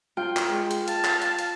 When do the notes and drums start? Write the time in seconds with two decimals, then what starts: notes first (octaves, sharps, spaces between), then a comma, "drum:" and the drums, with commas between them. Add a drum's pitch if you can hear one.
0.17 F4 G5
0.37 drum: clap
0.48 G#3
0.71 drum: hi-hat
0.88 F5 A5, drum: hi-hat
1.05 drum: clap
1.22 drum: hi-hat
1.39 drum: hi-hat